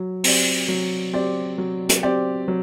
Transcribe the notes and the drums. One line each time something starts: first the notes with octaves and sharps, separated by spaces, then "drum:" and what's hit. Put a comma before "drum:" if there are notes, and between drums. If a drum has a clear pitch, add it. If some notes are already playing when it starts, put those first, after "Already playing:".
Already playing: F#3
C4 G4 D5, drum: open hi-hat
F#3
C4 G4 D5
F#3
drum: hi-hat
C4 G4 D5
F#3